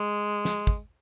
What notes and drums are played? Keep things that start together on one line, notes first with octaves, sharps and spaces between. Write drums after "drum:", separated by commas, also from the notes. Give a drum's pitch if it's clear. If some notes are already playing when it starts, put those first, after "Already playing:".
Already playing: G#3
drum: snare
drum: kick, tambourine